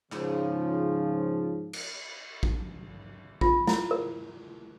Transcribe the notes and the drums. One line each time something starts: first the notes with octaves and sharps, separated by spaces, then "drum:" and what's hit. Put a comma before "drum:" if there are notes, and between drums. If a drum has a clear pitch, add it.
G#2 C#3 F3, drum: clap
drum: cymbal
drum: kick
F4, drum: kick
E4, drum: snare
A#4